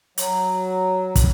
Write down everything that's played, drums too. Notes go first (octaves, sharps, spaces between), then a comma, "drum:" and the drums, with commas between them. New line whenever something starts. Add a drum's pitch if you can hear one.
F#3, drum: hi-hat
drum: kick, hi-hat